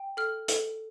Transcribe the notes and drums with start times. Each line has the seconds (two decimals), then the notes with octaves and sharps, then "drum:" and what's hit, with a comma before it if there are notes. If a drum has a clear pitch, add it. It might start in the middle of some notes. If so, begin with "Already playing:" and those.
Already playing: G5
0.17 A4 F6
0.48 A4, drum: hi-hat